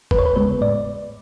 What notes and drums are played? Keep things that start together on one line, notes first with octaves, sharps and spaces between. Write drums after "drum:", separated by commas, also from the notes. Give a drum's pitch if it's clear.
E2 B4, drum: kick
C#5
B4
C#3 G#3 B3 B4
A2 D5